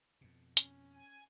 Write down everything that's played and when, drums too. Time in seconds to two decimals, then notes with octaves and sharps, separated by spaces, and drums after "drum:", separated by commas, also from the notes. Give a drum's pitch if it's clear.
0.21 F2 B2
0.57 C#4, drum: hi-hat
0.94 G#5